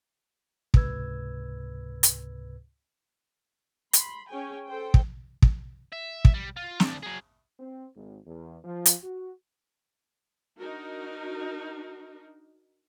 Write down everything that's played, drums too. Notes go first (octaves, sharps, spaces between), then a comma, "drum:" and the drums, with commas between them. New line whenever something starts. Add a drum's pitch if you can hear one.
C#2 G#2 C3 B4 E6 G#6, drum: kick
drum: hi-hat
B5 C6, drum: hi-hat
C#4 G#4 G5 G#5
A4 C5 G5
drum: kick
drum: kick
E5
drum: kick
G3
F4
D2 D4, drum: snare
F#3 G#4
C4
G#1
E2
F3
drum: hi-hat
F#4
D4 D#4 F#4 A#4